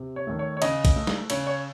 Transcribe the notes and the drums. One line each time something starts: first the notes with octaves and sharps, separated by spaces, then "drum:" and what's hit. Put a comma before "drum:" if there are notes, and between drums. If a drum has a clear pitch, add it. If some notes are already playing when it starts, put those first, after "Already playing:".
Already playing: C3
C#5
D#3 A3
C#5
C#5
C#3 D#5, drum: cymbal
drum: kick A#1, cymbal
A3
drum: snare
C#3 C#5, drum: cymbal
C#5